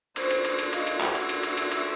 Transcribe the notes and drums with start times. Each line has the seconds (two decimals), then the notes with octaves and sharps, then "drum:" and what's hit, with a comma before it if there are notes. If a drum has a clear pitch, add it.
0.16 C5, drum: cymbal
0.31 drum: cymbal
0.45 drum: cymbal
0.59 drum: cymbal
0.73 F4 D#5, drum: cymbal
0.87 drum: cymbal
1.01 F#4 E5, drum: clap
1.15 drum: cymbal
1.29 drum: cymbal
1.43 drum: cymbal
1.57 drum: cymbal
1.72 drum: cymbal